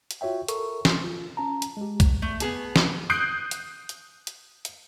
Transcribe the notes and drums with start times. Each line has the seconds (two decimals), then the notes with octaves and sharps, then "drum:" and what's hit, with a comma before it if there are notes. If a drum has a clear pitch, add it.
0.11 drum: hi-hat
0.21 F4 F#4 C#5 E5 G5
0.48 A4 A#4 C#6, drum: hi-hat
0.85 C6, drum: snare
1.04 F4
1.37 C#4 A5 A#5
1.62 drum: hi-hat
1.77 G#3 G4
2.00 drum: kick B1, hi-hat
2.22 A3
2.40 B3 G#4 A5, drum: hi-hat
2.76 drum: snare
3.10 D#6 F#6 G6 C7 D7
3.51 drum: hi-hat
3.89 drum: hi-hat
4.27 drum: hi-hat
4.65 drum: hi-hat